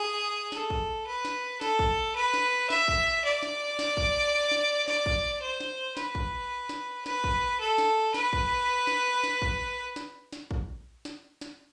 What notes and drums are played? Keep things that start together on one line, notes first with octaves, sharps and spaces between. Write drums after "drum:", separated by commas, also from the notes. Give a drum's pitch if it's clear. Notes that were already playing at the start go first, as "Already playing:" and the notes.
Already playing: G#4
A4, drum: snare
drum: kick
B4
drum: snare
A4, drum: snare
drum: kick
B4
drum: snare
E5, drum: snare
drum: kick
D5
drum: snare
drum: snare
drum: kick
drum: snare
D5, drum: snare
drum: kick
C5
drum: snare
B4, drum: snare
drum: kick
drum: snare
B4, drum: snare
drum: kick
A4
drum: snare
B4, drum: snare
drum: kick
drum: snare
drum: snare
drum: kick
drum: snare
drum: snare
drum: kick
drum: snare
drum: snare